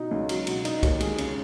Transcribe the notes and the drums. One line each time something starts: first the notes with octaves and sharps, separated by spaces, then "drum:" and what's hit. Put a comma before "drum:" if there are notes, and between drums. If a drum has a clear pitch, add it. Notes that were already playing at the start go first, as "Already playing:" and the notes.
Already playing: B2 D#4
C#2
F#3, drum: cymbal
B2, drum: cymbal
D#4, drum: cymbal
D#2, drum: kick C2, cymbal
G#3, drum: cymbal
C#3, drum: cymbal